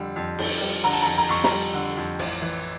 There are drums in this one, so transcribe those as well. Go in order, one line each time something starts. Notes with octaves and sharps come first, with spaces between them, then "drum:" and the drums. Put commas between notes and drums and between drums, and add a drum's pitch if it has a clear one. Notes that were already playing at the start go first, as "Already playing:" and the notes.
Already playing: F2 D3 G3
F2
F2, drum: cymbal
G3
D3 A#5
A5
F2 A#5
A#5
F2 C#6
A#5, drum: snare
G3
D3
F2
A1, drum: open hi-hat
E3